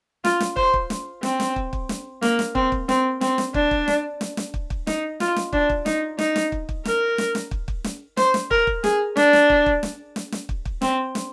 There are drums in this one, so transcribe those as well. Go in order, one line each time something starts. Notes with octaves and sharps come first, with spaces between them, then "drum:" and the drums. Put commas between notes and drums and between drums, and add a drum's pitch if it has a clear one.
F4, drum: snare
drum: snare
C5, drum: kick
drum: kick
drum: snare
C4, drum: snare
drum: snare
drum: kick
drum: kick
drum: snare
A#3, drum: snare
drum: snare
C4, drum: kick
drum: kick
C4, drum: snare
C4, drum: snare
drum: snare
D4, drum: kick
drum: kick
drum: snare
drum: snare
drum: snare
drum: kick
drum: kick
D#4, drum: snare
F4, drum: snare
drum: snare
D4, drum: kick
drum: kick
D#4, drum: snare
D#4, drum: snare
drum: snare
drum: kick
drum: kick
A#4, drum: snare
drum: snare
drum: snare
drum: kick
drum: kick
drum: snare
C5, drum: snare
drum: snare
A#4, drum: kick
drum: kick
G#4, drum: snare
D4, drum: snare
drum: snare
drum: kick
drum: kick
drum: snare
drum: snare
drum: snare
drum: kick
drum: kick
C4, drum: snare
drum: snare